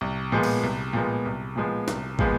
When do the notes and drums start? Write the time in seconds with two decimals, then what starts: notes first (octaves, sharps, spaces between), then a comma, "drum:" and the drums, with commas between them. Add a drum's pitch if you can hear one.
0.01 C2
0.32 A#2 F3 G#3 B3
0.43 drum: cymbal
0.63 C2
0.93 A#2 F3 G#3 B3
1.25 C2
1.56 A#2 F3 G#3 B3
1.88 C2, drum: snare
2.19 A#2 F3 G#3 B3, drum: kick